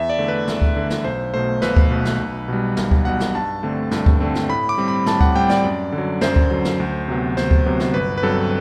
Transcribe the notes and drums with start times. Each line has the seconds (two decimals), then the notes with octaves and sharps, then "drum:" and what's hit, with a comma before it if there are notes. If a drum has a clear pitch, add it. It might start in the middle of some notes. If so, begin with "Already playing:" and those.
Already playing: E2 E5
0.10 D5
0.18 D3 A3
0.28 B4
0.48 E2, drum: snare
0.62 drum: kick D2
0.76 D3 A3
0.90 drum: snare
1.04 B1 C5
1.34 B2 A3 C5
1.62 B1 B4, drum: snare
1.76 drum: kick D2
1.91 B2 A3
2.05 drum: snare
2.19 B1
2.48 B2 G3
2.77 B1, drum: snare
2.91 drum: kick D2
3.05 B2 G3 F#5
3.20 drum: snare
3.35 G2 A5
3.63 D3 A3 C4
3.91 G2, drum: snare
4.06 drum: kick D2
4.20 D3 A3 C4
4.35 drum: snare
4.49 A2 B5
4.69 D6
4.78 G3 C4
4.88 B5
5.06 A2 A5, drum: snare
5.21 F#5, drum: kick D2
5.35 G3 C4 G5
5.50 D5, drum: snare
5.64 F#2
5.92 D3
5.98 F#3
6.21 F#2 C5, drum: snare
6.36 drum: kick D2
6.51 D3 F#3
6.65 drum: snare
6.80 D2
7.08 C3 F#3 B3
7.37 D2 C5, drum: snare
7.51 drum: kick D2
7.66 C3 F#3 B3
7.80 drum: snare
7.94 G1 B4
8.18 B4
8.22 G2 F#3 C4 A4